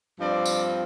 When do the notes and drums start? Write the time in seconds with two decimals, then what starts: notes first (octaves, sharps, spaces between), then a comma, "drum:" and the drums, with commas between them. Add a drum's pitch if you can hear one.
0.20 G2 F3 C4 D5
0.46 drum: tambourine